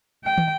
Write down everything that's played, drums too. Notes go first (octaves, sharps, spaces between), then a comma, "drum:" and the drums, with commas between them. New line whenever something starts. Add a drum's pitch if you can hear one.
G5
drum: tom